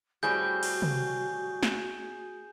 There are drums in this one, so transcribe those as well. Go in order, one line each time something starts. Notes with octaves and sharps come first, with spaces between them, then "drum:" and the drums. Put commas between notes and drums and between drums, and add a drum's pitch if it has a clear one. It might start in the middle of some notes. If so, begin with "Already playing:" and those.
A2 G3 C4 F#4 G#4 G6
drum: cymbal
drum: tom C3
drum: snare